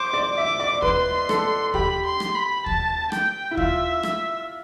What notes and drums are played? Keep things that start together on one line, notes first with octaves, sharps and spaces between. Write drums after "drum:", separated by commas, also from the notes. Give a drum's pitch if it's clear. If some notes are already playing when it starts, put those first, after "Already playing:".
Already playing: C5 D6
D5
E5 D6
D5
B4 C6, drum: kick D#2
A4, drum: rim click
G4 B5, drum: kick D#2
C6
drum: rim click
B5
A5, drum: kick D#2
G5, drum: rim click
E4
F4 E5, drum: kick D#2
drum: rim click